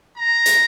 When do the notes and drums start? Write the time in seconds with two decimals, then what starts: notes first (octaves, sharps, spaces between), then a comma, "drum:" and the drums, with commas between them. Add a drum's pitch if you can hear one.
0.17 A#5
0.46 drum: hi-hat